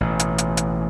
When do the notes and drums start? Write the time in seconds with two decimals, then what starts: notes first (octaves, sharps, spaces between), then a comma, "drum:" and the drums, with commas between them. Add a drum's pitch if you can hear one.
0.01 A1 B2
0.19 drum: hi-hat
0.38 drum: hi-hat
0.57 drum: hi-hat